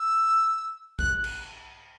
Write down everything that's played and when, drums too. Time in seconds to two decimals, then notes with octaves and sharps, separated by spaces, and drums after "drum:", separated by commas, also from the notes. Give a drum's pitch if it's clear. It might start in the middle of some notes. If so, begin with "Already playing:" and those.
Already playing: E6
0.99 F#6, drum: kick G#1
1.24 drum: cymbal